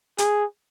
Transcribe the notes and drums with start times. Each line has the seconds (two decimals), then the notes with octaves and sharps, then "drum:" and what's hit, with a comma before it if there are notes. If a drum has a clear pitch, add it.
0.18 G#4, drum: hi-hat